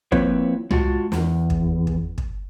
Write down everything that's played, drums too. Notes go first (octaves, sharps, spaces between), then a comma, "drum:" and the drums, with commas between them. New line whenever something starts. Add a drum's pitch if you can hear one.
F3 A#3 C4 E4 B4 C#5, drum: kick
G#3 F4 F#4 A5, drum: tom C2
E2, drum: snare
drum: kick
drum: kick
drum: kick